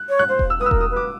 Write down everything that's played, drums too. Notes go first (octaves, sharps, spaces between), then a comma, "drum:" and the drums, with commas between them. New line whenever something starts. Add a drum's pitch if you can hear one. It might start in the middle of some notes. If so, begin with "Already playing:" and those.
Already playing: F#6
C#5
F#6
C5
drum: kick E1
E6
B4 D#6
E6
A#4, drum: kick E1
D#6
B4
D6